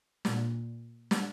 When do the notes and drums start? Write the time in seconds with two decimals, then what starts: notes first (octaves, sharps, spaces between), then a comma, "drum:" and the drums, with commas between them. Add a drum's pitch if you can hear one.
0.25 A#2, drum: snare
1.11 drum: snare